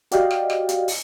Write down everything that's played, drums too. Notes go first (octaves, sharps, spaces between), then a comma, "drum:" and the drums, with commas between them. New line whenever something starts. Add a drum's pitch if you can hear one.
F#4 G4 D5 D#5 F5 G5, drum: hi-hat
drum: rim click
drum: rim click
drum: hi-hat
drum: open hi-hat